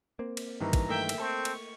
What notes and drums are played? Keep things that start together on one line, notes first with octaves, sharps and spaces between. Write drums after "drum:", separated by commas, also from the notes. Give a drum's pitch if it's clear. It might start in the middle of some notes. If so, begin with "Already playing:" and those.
A#3 C4
drum: cymbal
G2 D#3 E3 A#5
drum: kick, cymbal
A3 A#3 E5 G5
drum: cymbal
C4 A4 C#6
drum: cymbal